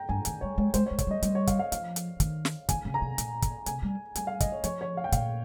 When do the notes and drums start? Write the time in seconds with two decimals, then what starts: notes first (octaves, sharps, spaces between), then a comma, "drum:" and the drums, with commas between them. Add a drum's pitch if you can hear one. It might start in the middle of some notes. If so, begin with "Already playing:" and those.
Already playing: G5 A#5
0.09 G2 G#5
0.25 D#3 G#5, drum: hi-hat
0.41 G3 C#5
0.58 G#3 C#5
0.74 G#3 C5, drum: hi-hat
0.86 C#5
0.91 G#3
0.98 C#5, drum: kick, hi-hat
1.07 G3 D#5
1.23 G3 C#5, drum: hi-hat
1.35 C#5
1.47 F5, drum: kick, hi-hat
1.59 F5
1.72 F3 F5, drum: hi-hat
1.96 drum: hi-hat
2.20 D#3, drum: kick, hi-hat
2.45 drum: snare
2.69 D#3 G#5, drum: kick, hi-hat
2.85 C#3
2.94 A#5
3.02 C3
3.18 A#2, drum: hi-hat
3.42 drum: kick, hi-hat
3.66 C3 G#5, drum: hi-hat
3.82 G3
4.15 G3 G#5, drum: hi-hat
4.27 F5
4.40 D#5, drum: kick, hi-hat
4.52 C#5
4.64 F3 C#5, drum: hi-hat
4.81 C#5
4.97 F5
5.04 G5
5.12 A#2 F5, drum: kick, hi-hat